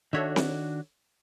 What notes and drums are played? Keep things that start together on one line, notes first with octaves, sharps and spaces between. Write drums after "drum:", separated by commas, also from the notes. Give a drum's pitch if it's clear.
D#3 D4 F#4 A4 C#5 E5
drum: snare C4